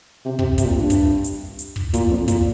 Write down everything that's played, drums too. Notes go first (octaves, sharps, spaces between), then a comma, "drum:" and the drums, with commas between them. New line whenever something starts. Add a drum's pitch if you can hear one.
C3
C3, drum: kick
C3, drum: kick, hi-hat
A#2
G2
drum: kick, hi-hat
drum: hi-hat
drum: hi-hat
drum: kick
A#2, drum: kick, hi-hat
F2
A#2, drum: kick, hi-hat